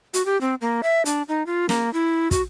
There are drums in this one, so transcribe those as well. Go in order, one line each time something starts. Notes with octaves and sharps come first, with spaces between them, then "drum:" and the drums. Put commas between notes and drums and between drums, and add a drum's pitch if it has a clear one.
F#4, drum: hi-hat
G4
C4
A#3
E5
D4, drum: hi-hat
D#4
F4
A#3, drum: snare
E4
F#4, drum: kick, hi-hat